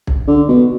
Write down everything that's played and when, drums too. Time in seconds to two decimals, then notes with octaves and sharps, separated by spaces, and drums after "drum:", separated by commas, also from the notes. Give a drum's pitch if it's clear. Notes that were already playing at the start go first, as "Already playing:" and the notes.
0.07 drum: kick
0.28 D3
0.48 B2